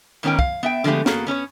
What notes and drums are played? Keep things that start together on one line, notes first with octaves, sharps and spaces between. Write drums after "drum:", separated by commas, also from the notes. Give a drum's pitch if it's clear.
G#2 D#3 B3 C#4 A#4 G5
F5, drum: kick
B3 E5 G5
D3 F3 G#3 A3 B3 G4
A#3 B3 F#4 G#4 A4, drum: snare
B3 C#4 A#4 C#5